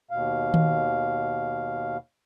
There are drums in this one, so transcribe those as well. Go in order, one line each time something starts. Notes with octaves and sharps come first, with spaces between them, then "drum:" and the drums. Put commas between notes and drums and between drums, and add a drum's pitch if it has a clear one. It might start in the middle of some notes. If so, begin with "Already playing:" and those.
D#2 B2 F5
drum: tom D#3